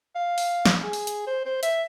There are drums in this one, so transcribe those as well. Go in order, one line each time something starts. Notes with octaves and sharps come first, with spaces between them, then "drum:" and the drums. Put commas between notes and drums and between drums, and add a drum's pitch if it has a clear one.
F5
drum: open hi-hat
drum: snare
G#4
drum: open hi-hat
drum: hi-hat
C5
C5
E5, drum: hi-hat